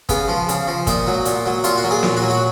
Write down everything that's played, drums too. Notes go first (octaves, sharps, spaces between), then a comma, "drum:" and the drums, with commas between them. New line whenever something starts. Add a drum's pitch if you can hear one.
C#3 B3, drum: kick, hi-hat
F3
C#3, drum: hi-hat
F3
A#2 D#4, drum: kick, hi-hat
F#3
A#2, drum: hi-hat
F#3
A#2 F4, drum: hi-hat
F#4
F#3
G#4
A#2, drum: snare
F#4
F#3
F#4